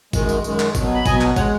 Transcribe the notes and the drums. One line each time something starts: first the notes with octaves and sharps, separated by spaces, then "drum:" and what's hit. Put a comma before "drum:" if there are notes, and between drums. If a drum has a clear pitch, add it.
F#2 D#3 G#3, drum: kick, tambourine
drum: tambourine
F#2 D#3 G#3, drum: tambourine
drum: clap
B2 F#3, drum: kick, tambourine
B5
B2 F#3 D#5 G#5, drum: kick, tambourine
drum: clap
G#3 C#5 F#5, drum: kick, tambourine